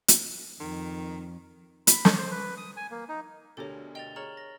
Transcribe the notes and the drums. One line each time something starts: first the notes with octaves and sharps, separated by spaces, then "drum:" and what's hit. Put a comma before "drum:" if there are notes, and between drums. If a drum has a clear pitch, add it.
drum: hi-hat
F2 D#3
B5, drum: hi-hat
C#6, drum: snare
C5
B4
D#6
G#5
A#3
D#4
D2 B2 D3 D4 G4 A4 A#4 C#5
D#5 G5 A6 F7 G7
G#4 C#5 A#5 F6 F#7
A#6